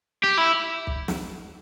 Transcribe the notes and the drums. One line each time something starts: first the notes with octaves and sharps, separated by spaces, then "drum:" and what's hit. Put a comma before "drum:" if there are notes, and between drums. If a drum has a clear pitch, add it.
G4
E4
drum: kick
drum: snare